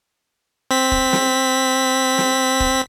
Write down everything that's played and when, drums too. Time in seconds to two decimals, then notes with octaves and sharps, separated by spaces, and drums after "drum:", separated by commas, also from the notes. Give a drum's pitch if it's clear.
0.71 C4 B6
0.92 drum: kick
1.13 drum: snare
2.18 drum: snare
2.60 drum: kick